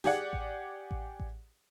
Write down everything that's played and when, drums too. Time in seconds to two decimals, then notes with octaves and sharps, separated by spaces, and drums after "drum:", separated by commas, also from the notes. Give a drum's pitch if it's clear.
0.04 G4 G#4 D5 F#5, drum: snare
0.33 drum: kick A1
0.91 drum: kick A1
1.20 drum: kick A1